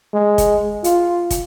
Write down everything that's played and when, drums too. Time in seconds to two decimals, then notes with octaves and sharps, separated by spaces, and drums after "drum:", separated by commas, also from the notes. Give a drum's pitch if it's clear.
0.14 G#3
0.38 drum: kick, hi-hat
0.84 F4, drum: hi-hat
1.30 drum: kick, hi-hat